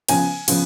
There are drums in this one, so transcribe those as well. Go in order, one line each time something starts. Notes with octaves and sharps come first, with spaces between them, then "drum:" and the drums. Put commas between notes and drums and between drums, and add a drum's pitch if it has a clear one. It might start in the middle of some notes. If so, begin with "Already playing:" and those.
C#3 F3 B3 G#5, drum: cymbal
C#3 F3 B3, drum: cymbal